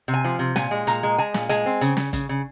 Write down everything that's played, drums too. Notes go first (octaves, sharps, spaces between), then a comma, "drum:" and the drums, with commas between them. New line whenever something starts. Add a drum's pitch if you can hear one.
C3
G#5
F3
C3
A#2 G#5, drum: snare
G#3
A#2 A#5, drum: hi-hat
G#3
G#3 G#5
A#2, drum: snare
G#3 G#5, drum: hi-hat
C4
C#3, drum: hi-hat
C#3, drum: snare
C#3, drum: kick, hi-hat
C#3